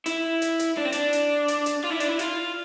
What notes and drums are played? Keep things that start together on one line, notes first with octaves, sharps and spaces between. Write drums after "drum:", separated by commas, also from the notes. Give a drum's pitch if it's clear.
E4, drum: hi-hat
drum: hi-hat
drum: hi-hat
D4
C4
D4, drum: hi-hat
drum: hi-hat
drum: hi-hat
drum: hi-hat
F4
E4
D4, drum: hi-hat
E4
F4, drum: hi-hat